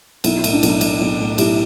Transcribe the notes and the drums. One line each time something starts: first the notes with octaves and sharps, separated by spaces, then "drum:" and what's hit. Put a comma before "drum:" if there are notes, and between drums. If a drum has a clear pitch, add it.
B1 E4, drum: cymbal
E4
A2, drum: cymbal
D4
B1 E4, drum: cymbal
B1, drum: cymbal
B1
A2
B1 E4 G4, drum: cymbal